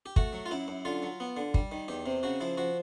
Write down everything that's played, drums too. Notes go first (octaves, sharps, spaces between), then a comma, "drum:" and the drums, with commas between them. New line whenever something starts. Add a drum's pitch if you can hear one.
G4
A3 F#4, drum: kick
F#3
F4
F#2 E4
F#2
D3 F4
F#3
B3
D3
G3, drum: kick
D#3
E2 G4
C3
C#3 F#4
F3 E4
F3 F#4